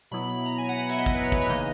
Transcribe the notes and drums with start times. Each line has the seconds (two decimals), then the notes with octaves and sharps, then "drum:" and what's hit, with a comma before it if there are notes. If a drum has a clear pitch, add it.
0.11 B2 F#3 B3 E4 B5
0.29 B5
0.46 A#5
0.58 G#5
0.69 F#5
0.89 E5, drum: hi-hat
0.98 D#5
1.06 F#5, drum: kick
1.14 B4
1.23 C#5
1.32 B4, drum: kick
1.41 C#5
1.49 C#3 E3 A#3 D#4 D#5